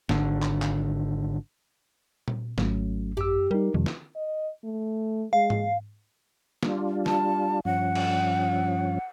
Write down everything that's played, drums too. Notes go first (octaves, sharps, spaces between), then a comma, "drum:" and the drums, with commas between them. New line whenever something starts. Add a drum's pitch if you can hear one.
G#1 D3, drum: snare
drum: clap
drum: clap
drum: tom A#2
G#1 F#3 A3 C#4, drum: snare
F#2 G4 E6
G3 D#4 A#4
F2 C3 D#3 G3
drum: snare
D#5
A3
G#3 F5
drum: tom G#2
G3 D4 F4, drum: snare
A5, drum: snare
G2 F3 C#4 F#5
drum: cymbal